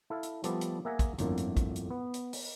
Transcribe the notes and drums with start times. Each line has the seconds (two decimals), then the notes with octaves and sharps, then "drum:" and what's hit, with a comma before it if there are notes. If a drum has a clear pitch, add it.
0.10 E4 A4 F5
0.23 drum: hi-hat
0.44 F3 G3 A3 B3 A4 D5, drum: hi-hat
0.61 drum: hi-hat
0.85 A#3 G#4 E5 F#5 G#5 A#5
0.99 drum: kick, hi-hat
1.18 G1 F2 A2 D3 A#3, drum: hi-hat
1.37 drum: hi-hat
1.57 drum: kick, hi-hat
1.76 drum: hi-hat
1.91 B3
2.14 drum: hi-hat
2.33 drum: open hi-hat